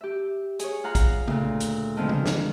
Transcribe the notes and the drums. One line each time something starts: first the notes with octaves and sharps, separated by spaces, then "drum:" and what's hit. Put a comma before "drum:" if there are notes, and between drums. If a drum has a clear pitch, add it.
G4 E5
G#4 C#5, drum: hi-hat
F4 F5 F#5 A#5
drum: kick A#1, hi-hat
D2 A#2, drum: tom
drum: hi-hat
D3 D#3 F3 G#3 B3 C4
drum: tom
drum: snare